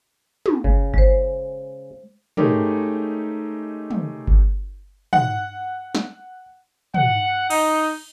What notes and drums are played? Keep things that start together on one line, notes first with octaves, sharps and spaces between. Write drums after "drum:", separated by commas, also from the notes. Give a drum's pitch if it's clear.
drum: tom
C#3, drum: kick G1
G#3 C5, drum: kick G1
G#3 A3 C#4 D#4 G4 A#4, drum: tom
drum: tom
drum: kick G1
F#5, drum: tom
drum: snare
F#5, drum: tom
D#4, drum: cymbal